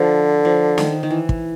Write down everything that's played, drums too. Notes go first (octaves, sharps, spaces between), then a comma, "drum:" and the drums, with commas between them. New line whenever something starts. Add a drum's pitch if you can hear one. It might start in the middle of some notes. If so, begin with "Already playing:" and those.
Already playing: D3 F3
F3
D#3, drum: snare
D#3
E3
drum: kick